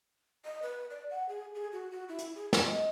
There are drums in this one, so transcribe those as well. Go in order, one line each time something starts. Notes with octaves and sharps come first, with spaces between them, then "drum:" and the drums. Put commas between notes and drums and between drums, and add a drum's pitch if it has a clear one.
D#5
B4
D5
F#5
G#4
G#4
F#4
F#4
E4
drum: hi-hat
G#4
G#5, drum: snare
D#5